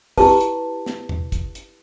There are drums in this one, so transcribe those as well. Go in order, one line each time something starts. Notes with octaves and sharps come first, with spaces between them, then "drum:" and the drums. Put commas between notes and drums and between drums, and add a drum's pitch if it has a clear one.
E4 G4 B4 A5, drum: kick, open hi-hat
drum: hi-hat
drum: snare
drum: tom
drum: kick, hi-hat
drum: hi-hat